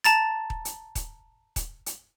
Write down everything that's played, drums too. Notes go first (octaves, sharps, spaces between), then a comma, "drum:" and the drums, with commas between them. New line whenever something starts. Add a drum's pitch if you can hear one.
A5 A#5 A6, drum: hi-hat
drum: kick D#1
drum: hi-hat
drum: kick D#1, hi-hat
drum: kick D#1, hi-hat
drum: hi-hat